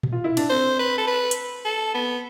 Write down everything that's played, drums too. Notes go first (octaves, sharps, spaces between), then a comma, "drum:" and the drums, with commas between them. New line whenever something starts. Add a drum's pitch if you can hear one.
drum: tom A#2
F4
E4
D4, drum: cymbal
C4 C5
B4
A4
B4
drum: hi-hat
A4
B3